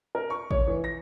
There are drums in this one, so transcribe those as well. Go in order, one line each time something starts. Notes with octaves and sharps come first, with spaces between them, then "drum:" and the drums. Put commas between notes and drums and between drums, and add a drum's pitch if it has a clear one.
A#4
C#6
C#5, drum: kick
E3
A#6